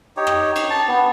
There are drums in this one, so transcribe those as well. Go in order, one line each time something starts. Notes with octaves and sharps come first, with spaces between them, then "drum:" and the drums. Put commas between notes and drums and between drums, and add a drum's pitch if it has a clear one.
D#4 G4 C#5
drum: rim click
drum: cymbal
A5
B3